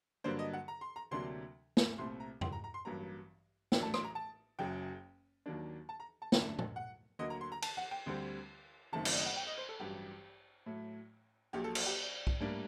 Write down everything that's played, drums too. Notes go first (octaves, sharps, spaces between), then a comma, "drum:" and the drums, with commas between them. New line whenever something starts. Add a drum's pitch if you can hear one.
G2 D3 F#3 A#3 D4 C5
D#5
F#5
A#5
C6
A#5
D2 C3 F#3 A#3 D4 C6
drum: snare
C2 A#2 A3 C4 C6
A#5
C6, drum: tom F2
A#5
A#5
C6
A1 G2 F#3 A#3 A#5
A1 A2 F#3 A3 D4 G5, drum: snare
A5
C6, drum: rim click
A#5
A5
F#1 F#2 F#3 G5
D#2 D#3 F#3 A#3 D4
A5
A#5
A5
F#2 D3 A3 D4 G5, drum: snare
drum: tom A#2
F#5
D2 D3 F#3 A#3 D#5
A#5
C6
A#5
A5, drum: cymbal
F#5
G5
D2 D3 G3 C4
F#1 F#2 D#3 A3 C4 A5
D5, drum: cymbal
D#5
F#5
G5
D#5
C5
A4
A1 G2 F#3 G4
A2 F#3 A3
A#1 A#2 F#3 G4
A4
A4, drum: cymbal
G4
drum: kick
A2 G3 A#3 D4